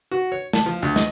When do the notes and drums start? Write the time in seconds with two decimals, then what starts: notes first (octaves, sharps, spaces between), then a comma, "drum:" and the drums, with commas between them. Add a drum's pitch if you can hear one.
0.11 F#4
0.32 C#5
0.53 A5, drum: snare
0.66 F3
0.82 D2
0.96 D#5, drum: snare